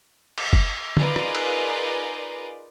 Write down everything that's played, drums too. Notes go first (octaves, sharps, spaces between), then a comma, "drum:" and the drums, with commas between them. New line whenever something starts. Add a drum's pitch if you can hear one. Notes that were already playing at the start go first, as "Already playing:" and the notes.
drum: cymbal
drum: kick
D#4 F4 G#4 A#4 B4 D5, drum: tom
drum: rim click
drum: cymbal